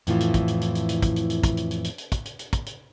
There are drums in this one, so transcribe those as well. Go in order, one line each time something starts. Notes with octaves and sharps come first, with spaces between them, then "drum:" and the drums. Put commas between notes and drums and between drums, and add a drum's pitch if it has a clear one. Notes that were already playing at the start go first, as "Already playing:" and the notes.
F2 A2 E3 F4, drum: hi-hat
drum: hi-hat
drum: kick, hi-hat
drum: hi-hat
drum: hi-hat
drum: hi-hat
drum: hi-hat
drum: kick, hi-hat
drum: hi-hat
drum: hi-hat
drum: kick, hi-hat
drum: hi-hat
drum: hi-hat
drum: hi-hat
drum: hi-hat
drum: kick, hi-hat
drum: hi-hat
drum: hi-hat
drum: kick, hi-hat
drum: hi-hat